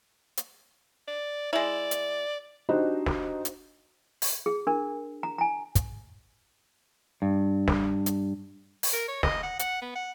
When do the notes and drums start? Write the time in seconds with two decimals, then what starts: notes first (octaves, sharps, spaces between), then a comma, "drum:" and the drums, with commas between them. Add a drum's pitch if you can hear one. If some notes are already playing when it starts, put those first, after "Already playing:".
0.37 drum: hi-hat
1.08 D5
1.53 G#3 E4 D5
1.91 drum: hi-hat
2.69 D4 D#4 F#4 G4 C5 D#5
3.06 drum: snare
3.45 drum: hi-hat
4.22 drum: open hi-hat
4.46 G#4
4.67 D4 A#4
5.23 A#5
5.38 G#5 A#5
5.76 drum: kick, hi-hat
7.22 G2
7.68 drum: snare
8.06 drum: hi-hat
8.83 drum: open hi-hat
8.93 A#4
9.08 C#5
9.23 D#5, drum: snare
9.43 F#5
9.59 F#5, drum: hi-hat
9.82 B3
9.96 F#5